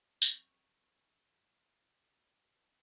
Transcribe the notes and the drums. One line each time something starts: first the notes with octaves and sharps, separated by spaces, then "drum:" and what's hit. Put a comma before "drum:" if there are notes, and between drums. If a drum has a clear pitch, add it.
F#3 C4 C#6, drum: tambourine